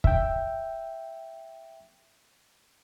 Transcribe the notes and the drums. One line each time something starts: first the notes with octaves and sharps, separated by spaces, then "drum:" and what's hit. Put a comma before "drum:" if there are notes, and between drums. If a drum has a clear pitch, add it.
E5 G5, drum: kick